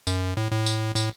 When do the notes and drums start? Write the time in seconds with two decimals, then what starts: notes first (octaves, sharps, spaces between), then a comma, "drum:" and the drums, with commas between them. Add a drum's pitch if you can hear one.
0.07 F#2, drum: tambourine
0.37 A2
0.52 A2
0.66 drum: tambourine
0.96 A2, drum: tambourine